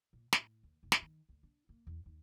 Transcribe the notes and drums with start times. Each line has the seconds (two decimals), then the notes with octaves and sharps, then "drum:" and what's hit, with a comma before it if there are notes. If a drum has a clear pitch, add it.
0.13 A#2
0.33 A2, drum: snare
0.63 D#2
0.83 F1
0.92 drum: snare
1.02 D#3
1.29 D2
1.43 D4
1.69 A#3
1.87 E2
2.06 D#2